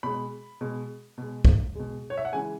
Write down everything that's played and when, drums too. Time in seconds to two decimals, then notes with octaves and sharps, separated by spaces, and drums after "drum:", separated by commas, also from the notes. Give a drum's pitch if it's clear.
0.03 B2 G#3 B5
0.61 B2 G#3
1.18 B2 G#3
1.45 drum: kick B1
1.75 B2 G#3
2.10 C#5
2.17 E5
2.25 F#5
2.33 C#3 E3 G#3 G#5